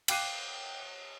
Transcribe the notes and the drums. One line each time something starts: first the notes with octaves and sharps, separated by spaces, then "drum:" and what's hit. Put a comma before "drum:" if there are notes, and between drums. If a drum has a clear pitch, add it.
F5 G5 D6 F#6 C7 D#7, drum: cymbal